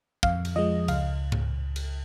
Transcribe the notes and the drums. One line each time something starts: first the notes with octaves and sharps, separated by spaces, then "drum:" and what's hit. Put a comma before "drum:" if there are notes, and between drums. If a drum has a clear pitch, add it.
F2 F5, drum: kick
drum: cymbal
F3 G#3 D#5
C#2 F5, drum: cymbal
drum: tom G#2
drum: cymbal